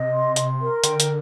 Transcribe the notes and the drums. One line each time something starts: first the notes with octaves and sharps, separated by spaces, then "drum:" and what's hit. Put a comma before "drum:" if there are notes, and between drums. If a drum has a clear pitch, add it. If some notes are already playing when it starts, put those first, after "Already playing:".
Already playing: C3 D#5
C6
C6, drum: hi-hat
A#4
D3 G5, drum: hi-hat
drum: hi-hat